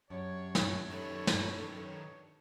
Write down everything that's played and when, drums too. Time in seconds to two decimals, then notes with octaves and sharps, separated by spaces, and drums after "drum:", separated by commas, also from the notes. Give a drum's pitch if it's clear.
0.10 F#2 D4 G4 C#5
0.55 drum: snare
0.91 D#3 A4 B4
1.27 drum: snare